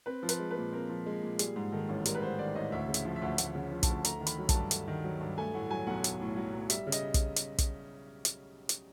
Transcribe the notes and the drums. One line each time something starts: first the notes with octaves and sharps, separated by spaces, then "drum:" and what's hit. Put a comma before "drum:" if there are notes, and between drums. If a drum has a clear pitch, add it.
C4 B4
F3
B4, drum: hi-hat
G#3
B4
A#2
C4 A#4
F3
G#3
A#2
G3 G#4, drum: hi-hat
G#2
D#3 A4
A1
G3 A#4, drum: hi-hat
B4
G#2 C5
D#3 D5
A1 D#5
D2 E5
C#3
E5, drum: hi-hat
F3
E5
D2
D2 F#5, drum: hi-hat
C#3
F3
A5, drum: kick, hi-hat
D2
A3 A#5, drum: hi-hat
D#3
B5, drum: hi-hat
F#3
A5, drum: kick, hi-hat
G2
A3, drum: hi-hat
D#3
F#3
G2
A3 G#5
A2 F#5
F#3 G#5
B1 F#5
A3, drum: hi-hat
A2
F#3
B1
G3 E5, drum: hi-hat
C#3
D#5, drum: hi-hat
drum: kick, hi-hat
drum: hi-hat
drum: kick, hi-hat
drum: hi-hat
drum: hi-hat